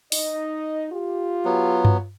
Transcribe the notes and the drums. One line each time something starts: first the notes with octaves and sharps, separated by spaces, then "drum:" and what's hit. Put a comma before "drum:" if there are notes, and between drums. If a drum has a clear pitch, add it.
D#4 D#5, drum: open hi-hat
F4 G4
F#3 B3
drum: tom G2